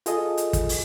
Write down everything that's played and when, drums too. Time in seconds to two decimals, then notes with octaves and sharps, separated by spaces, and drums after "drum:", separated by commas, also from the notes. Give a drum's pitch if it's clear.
0.06 F4 G#4 A4 D#5, drum: hi-hat
0.37 drum: hi-hat
0.53 drum: kick, hi-hat
0.69 drum: open hi-hat